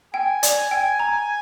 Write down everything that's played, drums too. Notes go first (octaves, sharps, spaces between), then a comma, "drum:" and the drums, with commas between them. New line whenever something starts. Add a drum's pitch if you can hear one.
G5 G#5
D5, drum: hi-hat
G5
A#5